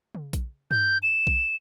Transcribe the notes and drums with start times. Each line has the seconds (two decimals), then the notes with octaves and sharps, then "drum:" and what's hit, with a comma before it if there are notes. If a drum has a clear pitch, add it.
0.15 drum: tom C#3
0.33 drum: kick A#1, hi-hat
0.71 G6, drum: tom G2
1.03 E7
1.27 drum: kick A#1